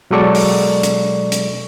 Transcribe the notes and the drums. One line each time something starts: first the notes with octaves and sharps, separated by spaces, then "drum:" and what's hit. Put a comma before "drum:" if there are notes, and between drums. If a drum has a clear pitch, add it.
B2 F#3 G#3 A4 D5 C#6
drum: open hi-hat
drum: hi-hat
drum: hi-hat